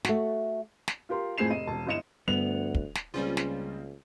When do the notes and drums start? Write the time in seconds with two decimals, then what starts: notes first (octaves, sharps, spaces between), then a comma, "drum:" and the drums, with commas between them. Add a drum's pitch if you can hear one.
0.05 A3 F#4, drum: snare
0.88 drum: snare
1.09 F4 G4 A#4 C6
1.38 F2 A2 G#4 C5 C7 E7
1.50 F1 D#5 D#7
1.67 E1 A5
1.87 G1 E4 D#5 C#7 E7
2.28 D2 G2 G3 B3 F7
2.75 drum: kick
2.95 drum: snare
3.14 C#2 C#3 G3 A#3 C4 C#4 F4
3.37 drum: snare